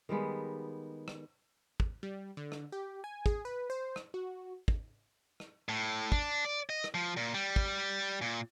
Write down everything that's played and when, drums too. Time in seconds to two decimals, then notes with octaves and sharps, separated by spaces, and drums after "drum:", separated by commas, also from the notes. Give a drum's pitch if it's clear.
0.09 D#3 G3 G#3 B3
1.08 drum: rim click
1.80 drum: kick
2.03 G3
2.37 D3
2.52 drum: rim click
2.72 G4
3.04 G#5
3.26 G#4, drum: kick
3.45 B4
3.70 C5
3.96 drum: rim click
4.14 F#4
4.68 drum: kick
5.40 drum: rim click
5.69 A2
6.12 D4, drum: kick
6.45 D5
6.70 D#5
6.84 drum: rim click
6.94 F3
7.17 A#2
7.34 G3
7.56 drum: kick
8.22 A#2